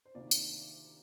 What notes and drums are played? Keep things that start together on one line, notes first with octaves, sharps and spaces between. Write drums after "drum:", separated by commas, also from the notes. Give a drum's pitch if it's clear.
C5
D2 C3 D#3 A#3 F4 D5
drum: tambourine